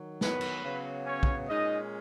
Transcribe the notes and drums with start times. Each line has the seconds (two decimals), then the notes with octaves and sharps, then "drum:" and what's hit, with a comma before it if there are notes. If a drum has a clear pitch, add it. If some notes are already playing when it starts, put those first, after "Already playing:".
Already playing: D#3 F#3
0.21 B3 B4, drum: snare
0.41 drum: cymbal
0.63 C#3 F#3 B3
1.05 C#4 C#5
1.23 drum: kick
1.48 A#2 G#3 C#4 D#4 D#5